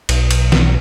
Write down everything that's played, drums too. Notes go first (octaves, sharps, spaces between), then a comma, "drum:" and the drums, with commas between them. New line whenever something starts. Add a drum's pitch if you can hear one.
B1, drum: cymbal
drum: cymbal
drum: snare